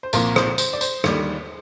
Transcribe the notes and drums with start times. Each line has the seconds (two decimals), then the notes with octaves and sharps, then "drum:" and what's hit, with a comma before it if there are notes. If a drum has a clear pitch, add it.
0.03 C5
0.13 C2 A#2 F3 C4 A#4, drum: tambourine
0.36 C5, drum: rim click
0.58 C5, drum: tambourine
0.73 D5
0.81 C5, drum: tambourine
1.04 D#2 D3 G3, drum: rim click